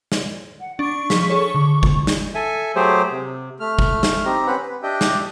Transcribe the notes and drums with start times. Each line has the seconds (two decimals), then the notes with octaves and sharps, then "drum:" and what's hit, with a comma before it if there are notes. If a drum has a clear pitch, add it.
0.12 drum: snare
0.61 F#5
0.79 D4 C#6
1.10 F3 G#4 B6, drum: snare
1.30 G#4 A4 C#5
1.55 D3
1.83 drum: kick G1
2.07 drum: snare
2.34 A4 E5 G#5
2.76 F#3 A3 G4 G#4 C5
3.12 C3
3.60 A3 F6
3.79 drum: kick G1
4.03 drum: snare
4.25 C4 D#4 G4 A#5
4.47 C4 C#4 B4 C5 F#5 B5
4.62 B4
4.83 D4 G4 D#5 E5 G5
5.01 drum: snare